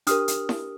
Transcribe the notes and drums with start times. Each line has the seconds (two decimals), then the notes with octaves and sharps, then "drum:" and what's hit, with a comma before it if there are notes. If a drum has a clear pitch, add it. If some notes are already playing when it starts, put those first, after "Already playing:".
0.07 D4 G4 A#4 D#6 F6, drum: hi-hat
0.28 drum: hi-hat
0.49 drum: snare E4